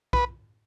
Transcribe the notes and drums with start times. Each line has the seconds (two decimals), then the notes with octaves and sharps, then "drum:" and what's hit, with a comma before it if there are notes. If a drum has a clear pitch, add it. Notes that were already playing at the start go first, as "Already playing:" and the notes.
0.13 B4, drum: kick